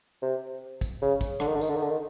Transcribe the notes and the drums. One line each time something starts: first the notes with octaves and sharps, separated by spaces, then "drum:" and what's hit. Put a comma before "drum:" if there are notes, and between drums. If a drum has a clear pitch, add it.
C3
drum: kick, tambourine
C#3
drum: kick, tambourine
D3, drum: rim click
D#3
D3
D#3, drum: tambourine
D3
D#3
D3
D#3